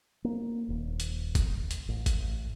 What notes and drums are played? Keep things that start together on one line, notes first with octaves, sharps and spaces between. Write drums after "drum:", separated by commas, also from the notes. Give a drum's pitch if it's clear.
A#3
D#1
drum: hi-hat
drum: kick G1, hi-hat
drum: hi-hat
A1
drum: kick G1, hi-hat